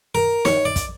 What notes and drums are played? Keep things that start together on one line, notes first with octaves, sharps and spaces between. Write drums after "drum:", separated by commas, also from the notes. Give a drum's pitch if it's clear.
A#4
C#5, drum: snare
D5
drum: kick, hi-hat